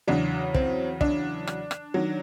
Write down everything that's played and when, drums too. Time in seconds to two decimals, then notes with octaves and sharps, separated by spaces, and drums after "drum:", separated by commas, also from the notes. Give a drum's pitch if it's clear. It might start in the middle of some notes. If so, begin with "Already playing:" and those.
0.08 E2 C#3 F#3 D4
0.54 C4, drum: kick
1.01 D4, drum: kick
1.47 drum: rim click
1.71 drum: rim click
1.94 D#3 F#3